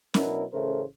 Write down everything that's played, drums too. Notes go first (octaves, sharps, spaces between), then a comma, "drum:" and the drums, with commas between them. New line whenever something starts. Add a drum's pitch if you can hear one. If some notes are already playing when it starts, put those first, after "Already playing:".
B2 F#3 C#4 D4 E4 A#4, drum: snare C#4
A1 C#3 A3 A#4 C5